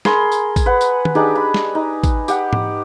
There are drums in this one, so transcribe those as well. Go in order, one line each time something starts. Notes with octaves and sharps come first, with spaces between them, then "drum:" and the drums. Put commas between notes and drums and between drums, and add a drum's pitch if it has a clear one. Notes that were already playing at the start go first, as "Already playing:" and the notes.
G#4 A#4 B5 C6, drum: snare
drum: tambourine
drum: kick, tambourine
B4 F#5
drum: tambourine
drum: tom D#3
D4 D#4 G4 G#4
B5
drum: snare
D#4
drum: kick, tambourine
G4 F#5, drum: tambourine
drum: tom G#2